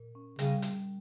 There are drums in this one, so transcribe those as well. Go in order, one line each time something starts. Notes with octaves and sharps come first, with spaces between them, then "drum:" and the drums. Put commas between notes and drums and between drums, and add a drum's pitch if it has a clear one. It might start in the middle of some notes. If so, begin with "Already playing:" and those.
Already playing: A#2
C#4
C#3 G3, drum: hi-hat
drum: hi-hat